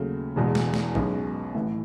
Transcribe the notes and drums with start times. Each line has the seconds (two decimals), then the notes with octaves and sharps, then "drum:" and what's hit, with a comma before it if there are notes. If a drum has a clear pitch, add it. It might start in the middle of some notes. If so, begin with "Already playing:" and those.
Already playing: D#2 C#3 F#3 A3
0.36 E1 E2 B2 G#3
0.55 drum: snare
0.74 drum: snare
0.95 B1 B2 G#3 C#4, drum: kick
1.55 A1 A2 E3